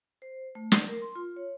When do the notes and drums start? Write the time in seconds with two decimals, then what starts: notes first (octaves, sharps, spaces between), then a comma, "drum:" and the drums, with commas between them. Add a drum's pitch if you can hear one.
0.22 C5
0.55 A3
0.72 drum: snare
0.88 A#4
1.02 C6
1.16 F4
1.36 C#5